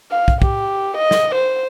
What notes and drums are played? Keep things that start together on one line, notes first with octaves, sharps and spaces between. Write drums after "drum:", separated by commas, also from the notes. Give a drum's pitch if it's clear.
F5
drum: kick
G4, drum: kick
D#5
drum: snare
C5